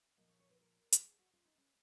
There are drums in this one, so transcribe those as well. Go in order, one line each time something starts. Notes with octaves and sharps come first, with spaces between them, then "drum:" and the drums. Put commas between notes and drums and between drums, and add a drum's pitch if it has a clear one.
A#2 F3 A#3 D#5
C#5
C#5
B4
A#4
drum: hi-hat
G#4
F#4
F4
D#4
C#4